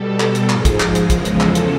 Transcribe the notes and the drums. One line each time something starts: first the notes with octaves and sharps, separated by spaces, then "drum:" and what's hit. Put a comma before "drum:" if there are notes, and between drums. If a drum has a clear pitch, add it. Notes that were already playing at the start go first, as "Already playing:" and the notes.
Already playing: B2 G3 A4
drum: clap
drum: hi-hat
G#2 F3 G#3, drum: clap
drum: kick, hi-hat
drum: clap
drum: hi-hat
E2 C#3 F3 G#3 A#4, drum: kick, hi-hat
drum: hi-hat
A4, drum: clap
drum: hi-hat